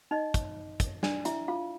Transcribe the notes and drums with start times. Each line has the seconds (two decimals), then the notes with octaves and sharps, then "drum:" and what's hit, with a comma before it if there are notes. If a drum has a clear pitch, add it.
0.11 D#4 D#5
0.34 drum: kick, hi-hat
0.80 drum: kick, hi-hat
1.03 D4 D5, drum: snare
1.25 E4 E5, drum: hi-hat
1.48 F4 F5